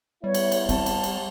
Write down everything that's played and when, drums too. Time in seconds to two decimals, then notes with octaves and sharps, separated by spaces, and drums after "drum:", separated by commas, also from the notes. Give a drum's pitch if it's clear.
0.24 G3 B3 E4 C#5
0.34 drum: cymbal
0.52 drum: cymbal
0.69 C4 A5, drum: cymbal
0.86 drum: cymbal
1.04 drum: cymbal